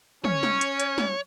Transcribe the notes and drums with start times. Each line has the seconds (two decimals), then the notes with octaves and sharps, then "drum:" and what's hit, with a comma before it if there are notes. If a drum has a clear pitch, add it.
0.25 C#4 C#5, drum: tom
0.43 drum: snare
0.61 drum: hi-hat
0.80 drum: hi-hat
0.98 drum: snare